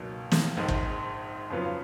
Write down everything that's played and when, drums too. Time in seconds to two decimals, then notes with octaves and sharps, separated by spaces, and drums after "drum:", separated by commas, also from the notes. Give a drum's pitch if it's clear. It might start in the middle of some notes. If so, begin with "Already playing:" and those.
Already playing: C#2 B2 F#3 A#3 D#4
0.32 drum: snare
0.57 A#1 G#2 D#3 G#3
0.68 drum: kick
1.50 F2 C#3 F#3 B3 F4